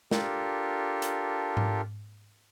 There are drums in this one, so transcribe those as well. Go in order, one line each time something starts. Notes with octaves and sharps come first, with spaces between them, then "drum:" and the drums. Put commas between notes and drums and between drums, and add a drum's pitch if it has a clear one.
D4 F4 G4 A4 A#4, drum: snare
drum: hi-hat
drum: tom G#2